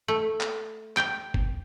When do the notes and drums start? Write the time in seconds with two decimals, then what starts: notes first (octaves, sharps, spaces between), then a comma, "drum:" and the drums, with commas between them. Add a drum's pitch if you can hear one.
0.08 A3
0.41 drum: clap
0.97 G5, drum: clap
1.34 drum: kick F#1